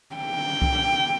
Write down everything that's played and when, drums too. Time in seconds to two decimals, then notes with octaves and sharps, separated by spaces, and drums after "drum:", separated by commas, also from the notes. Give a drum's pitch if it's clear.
0.16 G5
0.62 drum: kick C2